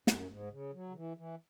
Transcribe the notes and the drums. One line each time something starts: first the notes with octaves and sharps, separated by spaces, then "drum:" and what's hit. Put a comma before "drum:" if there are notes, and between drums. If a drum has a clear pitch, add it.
F#2, drum: snare
G#2
C#3
F#3
C#3
E3
E3